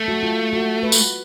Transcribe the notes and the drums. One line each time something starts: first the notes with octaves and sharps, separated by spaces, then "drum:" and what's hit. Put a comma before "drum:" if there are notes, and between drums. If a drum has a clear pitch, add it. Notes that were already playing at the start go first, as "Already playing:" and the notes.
Already playing: A3
F#4
F4
F#4
B4
drum: tambourine